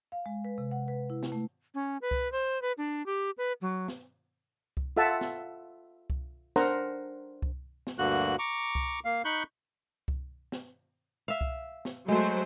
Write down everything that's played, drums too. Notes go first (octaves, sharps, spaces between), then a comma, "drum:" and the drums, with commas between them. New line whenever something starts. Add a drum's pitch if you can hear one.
F5
G#3
B4
C3
F#5
B4
E4
drum: snare
A3
C#4
B4
drum: kick C2
C5
B4
D4
G4
B4
F#3
drum: snare
drum: kick C2
F4 A4 E5 F#5 A5
drum: snare
drum: kick C2
D4 A#4 C5 F#5 A#5, drum: snare
drum: kick C2
drum: snare
D2 G2 D3 A#3 F#4 F#6
A#5 C#6 D6
drum: kick C2
A#3 F5
D#4 B5 C#6 F#6 G6
drum: kick C2
drum: snare
E5 F5
drum: kick C2
drum: snare
F#3 G#3 A3 C5